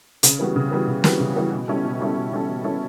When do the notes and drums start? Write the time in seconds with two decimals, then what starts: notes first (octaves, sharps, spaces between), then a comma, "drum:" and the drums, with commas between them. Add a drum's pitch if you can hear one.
0.23 C#3, drum: hi-hat
0.39 E3 G3 B3 F#4
0.56 C#3
0.71 E3 G3 B3 F#4
0.88 C#3
1.04 E3 G3 B3 F#4, drum: snare
1.20 C#3
1.36 E3 G3 B3 F#4
1.52 B2
1.68 G3 C#4 E4 A4
1.85 B2
2.01 G3 C#4 E4 A4
2.16 B2
2.32 G3 C#4 E4 A4
2.48 B2
2.64 G3 C#4 E4 A4